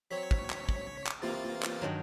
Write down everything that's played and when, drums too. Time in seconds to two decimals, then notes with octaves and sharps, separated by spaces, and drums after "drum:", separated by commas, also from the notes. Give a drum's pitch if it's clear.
0.11 F#3 C4 C#5 B6
0.31 drum: kick
0.50 drum: clap
0.69 drum: kick
1.06 drum: clap
1.22 C3 E3 A#3 C4 F4 A6
1.63 drum: clap
1.82 G2 D#3 F#3